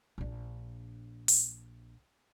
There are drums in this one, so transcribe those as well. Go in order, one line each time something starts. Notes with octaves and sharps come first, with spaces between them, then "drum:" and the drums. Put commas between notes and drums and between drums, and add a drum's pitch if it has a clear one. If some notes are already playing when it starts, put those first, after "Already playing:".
A#1 D4
drum: open hi-hat